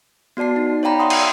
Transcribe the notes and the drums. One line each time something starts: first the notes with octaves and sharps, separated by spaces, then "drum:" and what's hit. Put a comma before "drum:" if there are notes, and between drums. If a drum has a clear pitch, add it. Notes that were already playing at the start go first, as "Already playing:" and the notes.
B3 F#4 D5 A5 C7
D#4
C#5 D5 F5 G5 A#5 B5
E5 F#5 B5 C6 D#6
drum: cymbal